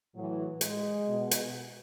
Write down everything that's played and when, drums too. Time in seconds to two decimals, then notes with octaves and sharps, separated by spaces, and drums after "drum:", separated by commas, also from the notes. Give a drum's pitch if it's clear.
0.15 A2 E3 F#3
0.61 G#3, drum: hi-hat
1.08 B2
1.31 drum: hi-hat